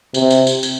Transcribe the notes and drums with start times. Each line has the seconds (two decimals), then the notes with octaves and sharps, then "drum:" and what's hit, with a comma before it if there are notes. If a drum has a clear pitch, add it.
0.14 C3, drum: tambourine
0.31 drum: tambourine
0.47 drum: tambourine
0.63 drum: tambourine